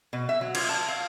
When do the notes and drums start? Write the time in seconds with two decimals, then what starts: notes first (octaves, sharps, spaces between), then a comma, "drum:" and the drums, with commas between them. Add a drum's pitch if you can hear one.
0.13 B2
0.29 E5
0.41 F#3
0.55 F4, drum: cymbal
0.69 A5
0.89 F5